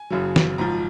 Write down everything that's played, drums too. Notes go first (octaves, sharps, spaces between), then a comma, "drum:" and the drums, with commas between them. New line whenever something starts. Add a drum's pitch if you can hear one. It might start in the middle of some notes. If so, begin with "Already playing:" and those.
Already playing: G#5
F#1 F#2 C#3 F#3
drum: snare
G#1 G#2 F3 A#5